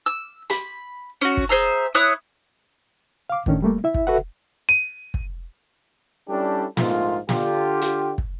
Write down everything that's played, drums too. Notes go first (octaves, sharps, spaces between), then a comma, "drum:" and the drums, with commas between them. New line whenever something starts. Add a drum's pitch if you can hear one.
E6
B5, drum: hi-hat
C#4 F#4
drum: kick
G#4 C5 E5 A#5
E4 C#5 D#6 F#6
F5 D6
E2 A2 D#3 C#4 D4, drum: kick
G3 A3 A#3
E4 E5
drum: kick
F#4 A4 B4 E5 F#5
D#7
drum: kick
G3 C#4 D4 E4 G4 A4
A#1 G#2 A3 A#3 F4, drum: snare
D3 F4 G4, drum: snare
drum: hi-hat
drum: kick